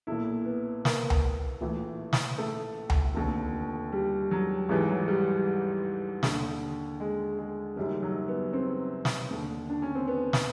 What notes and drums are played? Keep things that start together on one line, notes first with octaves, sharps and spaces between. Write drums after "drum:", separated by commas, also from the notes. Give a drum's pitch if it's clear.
B1 A#2 E4
B3
A#3, drum: snare
drum: tom C#2
A#1 A2 E3
drum: snare
A3
drum: tom C#2
F1 D#2 D3
G3
F#3
A1 G#2 E3 G3
F#3
G3
D#2 D3, drum: snare
G#3
G#3
F#1 F#2 D#3 G3
F#3
B3
C4
drum: snare
D#2 D3
D4
C#4
C4
B3
drum: snare